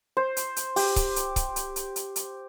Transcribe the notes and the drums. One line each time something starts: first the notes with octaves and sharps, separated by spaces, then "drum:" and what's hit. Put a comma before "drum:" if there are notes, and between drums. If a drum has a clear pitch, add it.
C5
drum: hi-hat
drum: hi-hat
G4, drum: open hi-hat
drum: kick C#1, hi-hat
drum: hi-hat
drum: kick C#1, hi-hat
drum: hi-hat
drum: hi-hat
drum: hi-hat
drum: hi-hat